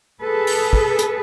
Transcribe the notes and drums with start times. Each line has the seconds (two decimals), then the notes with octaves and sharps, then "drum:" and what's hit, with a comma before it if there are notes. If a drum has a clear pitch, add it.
0.21 G#4 A4 B4
0.47 drum: open hi-hat
0.73 drum: kick
0.99 drum: hi-hat